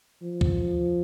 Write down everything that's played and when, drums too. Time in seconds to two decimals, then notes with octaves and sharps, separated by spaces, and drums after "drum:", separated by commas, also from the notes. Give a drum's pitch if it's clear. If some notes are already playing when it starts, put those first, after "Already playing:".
0.22 F3
0.41 drum: kick